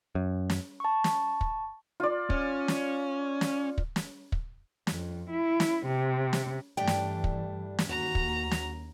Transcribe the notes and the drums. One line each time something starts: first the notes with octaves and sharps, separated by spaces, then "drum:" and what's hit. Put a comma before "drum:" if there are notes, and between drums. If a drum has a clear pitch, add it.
F#2
drum: snare
A5 C#6
drum: snare
drum: kick
F4 D5
C#4, drum: kick
drum: snare
drum: snare
drum: kick
drum: snare
drum: kick
F2, drum: snare
E4
drum: snare
C3
drum: snare
G2 E3 G3 A3 D4 G5
drum: snare
drum: kick
drum: snare
D#2 F#4 A#5
drum: kick
drum: snare